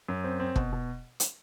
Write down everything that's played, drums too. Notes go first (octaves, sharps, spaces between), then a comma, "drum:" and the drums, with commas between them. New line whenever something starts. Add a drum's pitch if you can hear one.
F#2
C4
C4
B2, drum: kick
B2
drum: hi-hat